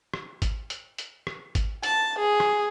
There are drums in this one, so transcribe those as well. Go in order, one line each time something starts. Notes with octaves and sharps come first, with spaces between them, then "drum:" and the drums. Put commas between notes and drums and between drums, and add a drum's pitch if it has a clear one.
drum: rim click
drum: kick G#1, hi-hat
drum: hi-hat
drum: hi-hat
drum: rim click
drum: kick G#1, hi-hat
A5, drum: hi-hat
G#4
drum: rim click